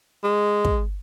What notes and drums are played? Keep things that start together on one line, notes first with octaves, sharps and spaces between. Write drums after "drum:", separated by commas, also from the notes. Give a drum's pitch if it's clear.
G#3
drum: kick